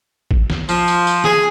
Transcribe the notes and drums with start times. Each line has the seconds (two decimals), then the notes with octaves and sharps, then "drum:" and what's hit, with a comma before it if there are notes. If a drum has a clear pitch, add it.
0.31 drum: kick
0.50 drum: snare
0.69 F3, drum: tambourine
0.88 drum: tambourine
1.07 drum: tambourine
1.24 G#4, drum: snare